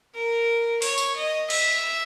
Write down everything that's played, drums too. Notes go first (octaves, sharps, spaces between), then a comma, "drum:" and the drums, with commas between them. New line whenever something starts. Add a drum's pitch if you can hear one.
A#4
C#5, drum: open hi-hat
drum: tambourine
D#5
E5, drum: cymbal